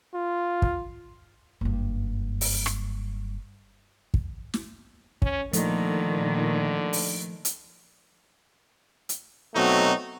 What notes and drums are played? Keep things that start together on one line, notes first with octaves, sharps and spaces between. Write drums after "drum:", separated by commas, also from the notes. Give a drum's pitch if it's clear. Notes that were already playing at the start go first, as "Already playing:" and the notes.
F4
drum: kick
F#1 G2
drum: open hi-hat
drum: rim click
drum: kick
drum: snare
C#4, drum: kick
A#2 D3 D#3 F3 A3, drum: hi-hat
drum: open hi-hat
drum: hi-hat
drum: hi-hat
B2 F#3 A3 C4 D#4 F#4